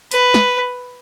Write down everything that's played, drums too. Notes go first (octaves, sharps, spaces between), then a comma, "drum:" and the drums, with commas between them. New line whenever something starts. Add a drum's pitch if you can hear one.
B4, drum: hi-hat
drum: snare